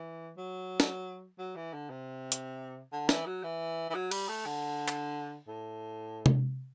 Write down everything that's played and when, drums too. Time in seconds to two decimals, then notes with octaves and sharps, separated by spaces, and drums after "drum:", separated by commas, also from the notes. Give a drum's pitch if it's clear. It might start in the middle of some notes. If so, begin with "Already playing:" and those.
Already playing: E3
0.37 F#3
0.80 drum: snare
1.39 F#3
1.56 E3
1.74 D3
1.90 C3
2.32 drum: hi-hat
2.92 D3
3.09 E3, drum: snare
3.26 F#3
3.44 E3
3.90 E3
3.95 F#3
4.11 G3, drum: cymbal
4.29 A3
4.46 D3
4.88 drum: clap
5.48 A2
6.26 drum: tom C3